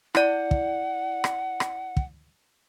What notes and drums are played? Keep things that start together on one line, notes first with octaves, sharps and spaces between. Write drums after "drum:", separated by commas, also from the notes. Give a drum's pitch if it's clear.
E4 D5 F#5, drum: rim click
drum: kick
drum: rim click
drum: rim click
drum: kick